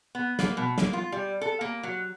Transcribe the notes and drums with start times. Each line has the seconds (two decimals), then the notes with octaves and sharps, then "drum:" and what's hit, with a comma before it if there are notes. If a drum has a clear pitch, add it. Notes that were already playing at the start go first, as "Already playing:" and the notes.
0.15 B3
0.39 A#3, drum: snare
0.57 B2
0.78 A#3, drum: snare
0.93 F4
1.12 G3
1.41 A4
1.61 A#3
1.83 F#3